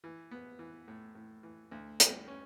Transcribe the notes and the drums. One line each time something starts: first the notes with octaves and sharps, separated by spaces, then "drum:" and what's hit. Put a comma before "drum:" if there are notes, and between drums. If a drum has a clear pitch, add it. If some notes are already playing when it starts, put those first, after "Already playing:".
E3
B3
E3
A2
A2
E3
D2
G3, drum: hi-hat
C#4